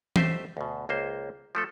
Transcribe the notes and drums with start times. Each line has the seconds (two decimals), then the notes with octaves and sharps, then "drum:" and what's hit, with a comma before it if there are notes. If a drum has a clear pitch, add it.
0.16 A3 G4 C5 D#5 E5, drum: tom E3
0.57 D2 B2
0.89 C#2 A#3 C5
1.55 F3 A3 A4